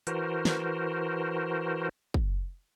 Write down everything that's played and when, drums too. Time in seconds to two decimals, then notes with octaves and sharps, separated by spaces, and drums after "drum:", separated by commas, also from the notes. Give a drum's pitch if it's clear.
0.07 E3 F#4 A#4 C5, drum: hi-hat
0.45 drum: snare
2.14 drum: kick